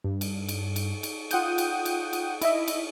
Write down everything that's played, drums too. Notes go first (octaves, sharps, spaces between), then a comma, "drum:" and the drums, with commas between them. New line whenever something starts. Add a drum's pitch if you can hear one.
G2
drum: cymbal
drum: cymbal
drum: cymbal
drum: cymbal
F4 F#5 G5 D#6 G6 D#7, drum: cymbal
drum: cymbal
drum: cymbal
drum: cymbal
E4 D#5 E5, drum: cymbal
drum: cymbal